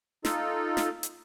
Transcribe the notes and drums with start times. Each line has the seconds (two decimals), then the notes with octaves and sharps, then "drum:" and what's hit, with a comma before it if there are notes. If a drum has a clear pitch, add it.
0.25 D#4 F4 A4, drum: snare
0.77 drum: snare
1.03 drum: hi-hat